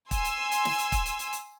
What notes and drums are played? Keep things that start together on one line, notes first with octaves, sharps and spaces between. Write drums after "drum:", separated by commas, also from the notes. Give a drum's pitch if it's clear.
G#5 C6 E6, drum: kick, hi-hat
drum: hi-hat
drum: hi-hat
drum: snare
drum: hi-hat
drum: kick, hi-hat
drum: hi-hat
drum: hi-hat
drum: hi-hat